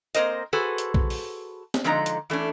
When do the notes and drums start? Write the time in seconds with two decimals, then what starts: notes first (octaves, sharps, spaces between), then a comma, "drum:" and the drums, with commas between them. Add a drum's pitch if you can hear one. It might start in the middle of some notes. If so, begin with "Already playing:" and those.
0.15 A#3 C4 A#4 C5 D#5, drum: hi-hat
0.53 F#4 G#4 A4 B4 C5
0.78 drum: hi-hat
0.94 drum: kick A#1
1.10 drum: open hi-hat
1.74 drum: snare C4
1.84 D3 F3 G#3 D#4 E5 A#5
2.06 drum: hi-hat
2.30 E3 A3 C#4 D4